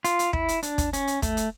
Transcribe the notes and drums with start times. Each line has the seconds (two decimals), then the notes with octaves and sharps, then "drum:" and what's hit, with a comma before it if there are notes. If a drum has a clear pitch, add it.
0.04 F4, drum: hi-hat
0.19 drum: hi-hat
0.33 E4, drum: kick
0.48 drum: hi-hat
0.63 D4, drum: hi-hat
0.78 drum: kick, hi-hat
0.93 C#4, drum: hi-hat
1.07 drum: hi-hat
1.22 A3, drum: kick, hi-hat
1.37 drum: hi-hat